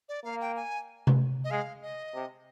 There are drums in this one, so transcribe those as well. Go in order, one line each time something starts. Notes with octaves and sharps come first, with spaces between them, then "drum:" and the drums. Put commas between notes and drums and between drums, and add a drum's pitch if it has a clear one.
D5
A#3 F5
G5
G#5
drum: tom C3
D#5
G#3 F5
D#5
C3